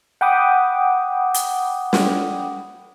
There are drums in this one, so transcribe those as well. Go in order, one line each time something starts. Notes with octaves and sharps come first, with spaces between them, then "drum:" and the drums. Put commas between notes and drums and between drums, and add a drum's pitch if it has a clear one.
F#5 G5 B5 D6 D#6
drum: hi-hat
drum: snare